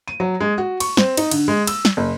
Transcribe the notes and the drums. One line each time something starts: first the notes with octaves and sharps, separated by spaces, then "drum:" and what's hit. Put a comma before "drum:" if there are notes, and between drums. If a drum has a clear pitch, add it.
D#7
F#3
G#3
F#4
C#6, drum: cymbal
C4, drum: snare
D#4, drum: cymbal
D3, drum: cymbal
G#3
E6, drum: cymbal
drum: snare
F#1